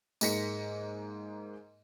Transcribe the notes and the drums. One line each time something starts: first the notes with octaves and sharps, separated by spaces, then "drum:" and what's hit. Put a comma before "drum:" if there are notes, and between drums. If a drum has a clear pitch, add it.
G#2 G#3 A#3 A#6 B6 C#7, drum: tambourine